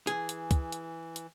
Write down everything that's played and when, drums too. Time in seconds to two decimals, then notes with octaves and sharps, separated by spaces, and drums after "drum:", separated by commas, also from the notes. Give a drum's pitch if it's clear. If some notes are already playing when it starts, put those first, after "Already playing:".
0.07 E3 G#4, drum: hi-hat
0.29 drum: hi-hat
0.51 drum: kick, hi-hat
0.72 drum: hi-hat
1.16 drum: hi-hat